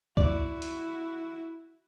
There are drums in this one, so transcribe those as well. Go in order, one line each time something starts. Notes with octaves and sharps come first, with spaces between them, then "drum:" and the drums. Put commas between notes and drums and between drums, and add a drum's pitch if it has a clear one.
E4 F#4 D5, drum: kick
drum: hi-hat